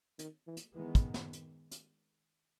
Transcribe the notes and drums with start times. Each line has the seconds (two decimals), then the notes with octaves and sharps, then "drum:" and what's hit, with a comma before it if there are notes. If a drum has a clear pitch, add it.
0.19 D#3, drum: hi-hat
0.47 E3
0.57 drum: hi-hat
0.75 D#3 E3 G#3 B3
0.95 drum: kick, hi-hat
1.14 drum: snare
1.33 drum: hi-hat
1.71 drum: hi-hat